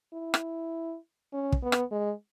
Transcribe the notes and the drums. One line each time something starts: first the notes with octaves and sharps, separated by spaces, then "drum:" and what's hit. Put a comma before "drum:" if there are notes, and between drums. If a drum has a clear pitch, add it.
E4
drum: rim click
C#4
drum: kick
B3
drum: rim click
G#3